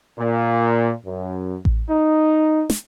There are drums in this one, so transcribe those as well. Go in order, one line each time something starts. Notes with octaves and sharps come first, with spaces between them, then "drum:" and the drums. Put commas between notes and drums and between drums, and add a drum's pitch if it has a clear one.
A#2
F#2
drum: kick A1
D#4
drum: snare